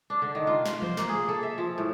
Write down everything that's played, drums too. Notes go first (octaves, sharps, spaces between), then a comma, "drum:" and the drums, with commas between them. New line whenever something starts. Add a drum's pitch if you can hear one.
D4
D3
D#3
F4
F4, drum: snare
C5, drum: tom E3
A#3, drum: snare
G#4
A4
E5
F3
A2